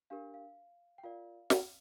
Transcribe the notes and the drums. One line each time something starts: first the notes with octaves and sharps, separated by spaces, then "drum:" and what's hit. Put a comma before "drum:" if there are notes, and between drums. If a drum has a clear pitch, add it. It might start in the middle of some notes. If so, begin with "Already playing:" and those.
D4 G4 A#4 F5
F5
G5
F4 A#4 D5 F5
drum: snare